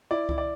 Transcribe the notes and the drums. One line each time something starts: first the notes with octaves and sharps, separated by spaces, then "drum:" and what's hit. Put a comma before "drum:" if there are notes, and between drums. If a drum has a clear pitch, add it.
E4 D5
E4, drum: kick C#2
D5